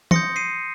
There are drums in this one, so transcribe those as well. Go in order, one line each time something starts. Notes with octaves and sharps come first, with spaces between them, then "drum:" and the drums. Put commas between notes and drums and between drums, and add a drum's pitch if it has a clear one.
C6 D#6 G6 A#6 C#7, drum: tom E3
C7 D#7